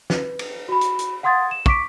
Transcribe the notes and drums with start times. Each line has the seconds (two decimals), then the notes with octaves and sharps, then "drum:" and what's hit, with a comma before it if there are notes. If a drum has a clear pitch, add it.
0.10 B4, drum: snare
0.39 drum: cymbal
0.69 F#4 B5
0.81 drum: hi-hat
0.99 drum: hi-hat
1.23 F5 F#5 C6 D#6 G#6 A6
1.51 E7
1.66 C#6 D6 B6 D7, drum: kick